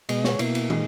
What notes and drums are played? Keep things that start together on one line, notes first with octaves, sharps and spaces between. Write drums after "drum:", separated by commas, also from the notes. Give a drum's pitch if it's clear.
B2 G#3 D#5, drum: cymbal
C#5, drum: snare
B2 A#3 E4, drum: cymbal
drum: cymbal
A#2 G#3 D#4, drum: tom